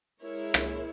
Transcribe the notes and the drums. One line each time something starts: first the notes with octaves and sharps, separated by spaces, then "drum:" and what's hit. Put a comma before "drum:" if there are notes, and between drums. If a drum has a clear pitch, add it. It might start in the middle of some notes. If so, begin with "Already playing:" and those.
G#3 E4 A#4 C#5
drum: rim click